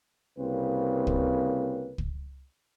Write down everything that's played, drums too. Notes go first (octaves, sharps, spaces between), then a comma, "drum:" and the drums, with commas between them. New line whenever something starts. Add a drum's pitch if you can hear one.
C2 C#3 A#3 C4 B4
drum: kick
drum: kick